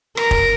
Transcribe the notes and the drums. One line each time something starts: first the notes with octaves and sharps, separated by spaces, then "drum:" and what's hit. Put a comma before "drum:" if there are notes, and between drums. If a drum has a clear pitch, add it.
A#4, drum: rim click
drum: kick